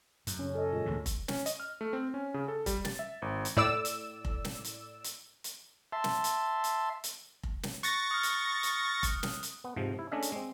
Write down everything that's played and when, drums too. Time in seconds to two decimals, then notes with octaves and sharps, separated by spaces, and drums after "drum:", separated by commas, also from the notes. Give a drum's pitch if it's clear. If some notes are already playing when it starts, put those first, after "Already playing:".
0.27 F#2, drum: hi-hat
0.39 C#3 C#4
0.55 A4 D#5
0.73 A#2 G#3
0.86 D2 A2 E3
1.06 drum: kick F1, hi-hat
1.28 C#4, drum: snare
1.46 D#5, drum: hi-hat
1.60 F6
1.81 A3
1.93 C4
2.14 C#4
2.34 C#3
2.48 A4
2.66 G3, drum: kick F1, hi-hat
2.85 A6, drum: snare
2.99 E5
3.22 G#1
3.45 drum: hi-hat
3.57 A2 D5 E6
3.85 drum: hi-hat
4.25 drum: kick F1
4.45 drum: snare
4.64 drum: hi-hat
5.04 drum: hi-hat
5.44 drum: hi-hat
5.92 E5 A5 C6
6.04 drum: snare
6.24 drum: hi-hat
6.64 drum: hi-hat
7.04 drum: hi-hat
7.43 drum: kick F1
7.63 drum: snare
7.83 C#6 F#6 A6 A#6, drum: hi-hat
8.11 D#6 F6
8.23 drum: hi-hat
8.63 drum: hi-hat
9.03 drum: kick F1, hi-hat
9.23 drum: snare
9.43 drum: hi-hat
9.64 B3
9.76 G#2 C3 F3
9.99 E4
10.12 A3 C#4 D4 G#4 D#5 E5
10.22 drum: hi-hat
10.32 G#3 C4